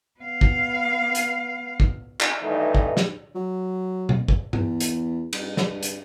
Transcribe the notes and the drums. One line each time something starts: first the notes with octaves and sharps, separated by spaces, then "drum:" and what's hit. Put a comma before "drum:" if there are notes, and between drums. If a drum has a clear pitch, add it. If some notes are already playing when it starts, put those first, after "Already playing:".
B3 F5
drum: kick
drum: hi-hat
drum: kick
drum: clap
G2 D#3 E3 A3 D#4
drum: kick
drum: snare
F#3
drum: tom B2
drum: kick
E2, drum: tom G2
drum: hi-hat
G2, drum: cymbal
drum: snare
drum: hi-hat